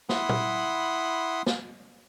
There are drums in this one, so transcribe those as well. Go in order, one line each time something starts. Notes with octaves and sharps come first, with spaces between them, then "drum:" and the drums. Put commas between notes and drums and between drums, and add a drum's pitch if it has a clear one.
E4 F#5 B5 C6 D#6, drum: snare
drum: tom A#2
drum: snare